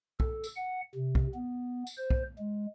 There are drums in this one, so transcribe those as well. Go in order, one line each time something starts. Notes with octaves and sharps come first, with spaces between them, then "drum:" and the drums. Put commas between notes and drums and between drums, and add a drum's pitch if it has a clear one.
A4, drum: kick B1
drum: tambourine
F#5
C3
drum: kick B1
B3
drum: tambourine
C5
drum: kick B1
G#3